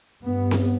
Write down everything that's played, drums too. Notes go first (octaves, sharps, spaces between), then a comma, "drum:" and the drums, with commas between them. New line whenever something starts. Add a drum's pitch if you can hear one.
G2 B3
drum: snare C4